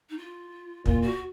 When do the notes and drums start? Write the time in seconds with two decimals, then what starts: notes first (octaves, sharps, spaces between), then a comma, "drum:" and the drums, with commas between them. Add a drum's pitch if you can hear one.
0.10 D#4
0.18 F4
0.86 A#2 F4, drum: kick
1.02 F#4